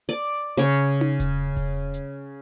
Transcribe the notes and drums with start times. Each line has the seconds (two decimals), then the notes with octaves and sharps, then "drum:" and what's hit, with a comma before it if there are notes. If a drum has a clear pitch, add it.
0.09 D5
0.57 C#3 C#5
1.01 drum: tom D#4
1.20 drum: kick E1, hi-hat
1.57 drum: kick E1, open hi-hat
1.94 drum: hi-hat